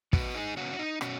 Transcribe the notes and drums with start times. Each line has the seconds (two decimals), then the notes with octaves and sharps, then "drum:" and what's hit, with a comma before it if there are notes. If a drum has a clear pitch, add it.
0.13 F#2 F#4 B4, drum: kick
0.35 D#4 G#4
0.57 C#3 B3 C#4 F#4
0.73 C#4
0.79 D#4
1.01 B2 C#4 F#4, drum: rim click